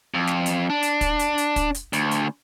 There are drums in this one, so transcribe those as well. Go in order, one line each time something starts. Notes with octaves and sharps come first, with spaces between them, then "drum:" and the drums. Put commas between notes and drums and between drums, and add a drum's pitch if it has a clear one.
F2
drum: snare
drum: hi-hat
D4
drum: hi-hat
drum: kick, hi-hat
drum: hi-hat
drum: hi-hat
drum: kick, hi-hat
drum: hi-hat
D2, drum: hi-hat
drum: hi-hat